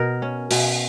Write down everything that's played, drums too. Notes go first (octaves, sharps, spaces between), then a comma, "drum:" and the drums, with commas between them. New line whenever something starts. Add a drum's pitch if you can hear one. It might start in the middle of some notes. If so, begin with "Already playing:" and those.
Already playing: B2 A#4
C#4
B2, drum: open hi-hat